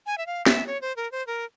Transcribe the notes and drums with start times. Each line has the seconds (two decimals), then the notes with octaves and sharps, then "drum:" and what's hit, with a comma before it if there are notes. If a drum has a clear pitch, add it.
0.06 G#5
0.18 E5
0.27 F5
0.46 E5, drum: snare
0.67 C#5
0.82 C5
0.96 A#4
1.12 C5
1.27 A#4